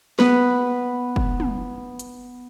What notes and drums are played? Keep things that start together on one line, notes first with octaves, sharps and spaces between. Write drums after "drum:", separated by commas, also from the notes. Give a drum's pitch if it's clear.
B3 B4, drum: snare
drum: kick
drum: tom
drum: hi-hat